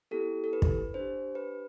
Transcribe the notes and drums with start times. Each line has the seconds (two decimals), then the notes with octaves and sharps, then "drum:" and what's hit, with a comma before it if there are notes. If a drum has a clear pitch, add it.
0.11 B3 E4 G4 A4
0.44 A4
0.53 B4
0.62 drum: kick
0.94 D4 G4 C5
1.35 B4